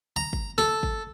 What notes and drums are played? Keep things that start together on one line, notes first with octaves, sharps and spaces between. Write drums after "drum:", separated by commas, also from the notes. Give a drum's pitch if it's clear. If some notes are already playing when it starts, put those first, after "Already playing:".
A#5
drum: kick
A4, drum: snare
drum: kick